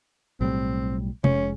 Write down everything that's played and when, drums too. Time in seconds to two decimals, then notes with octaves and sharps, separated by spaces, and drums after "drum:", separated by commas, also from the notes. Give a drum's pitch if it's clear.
0.41 B1 A2 G3 C4
1.24 F1 G#3 C#4, drum: tom C3